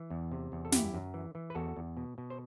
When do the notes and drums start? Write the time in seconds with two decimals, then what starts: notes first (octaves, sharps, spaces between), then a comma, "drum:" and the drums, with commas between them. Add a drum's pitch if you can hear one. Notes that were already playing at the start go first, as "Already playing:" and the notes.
Already playing: E3
0.10 E2
0.32 C3
0.52 E2
0.65 A4
0.72 F#2 E4 G4, drum: snare
0.94 F#2
1.14 E3
1.35 E3
1.50 B4
1.55 E2 F#4 A4
1.76 E2
1.97 B2
2.18 B2
2.30 C5